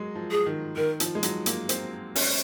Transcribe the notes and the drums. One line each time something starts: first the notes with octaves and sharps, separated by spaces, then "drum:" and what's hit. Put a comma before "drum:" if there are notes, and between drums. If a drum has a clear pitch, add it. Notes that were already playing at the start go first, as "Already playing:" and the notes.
Already playing: F#3 G#3
F3
G#4
D#3
D#3 A#4
F3, drum: hi-hat
G#3
F#3, drum: hi-hat
A#3, drum: hi-hat
C4, drum: hi-hat
C#4, drum: open hi-hat